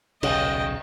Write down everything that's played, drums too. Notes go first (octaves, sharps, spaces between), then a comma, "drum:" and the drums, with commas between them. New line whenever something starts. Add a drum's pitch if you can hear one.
D#1 B1 C#3 D#5 G5, drum: cymbal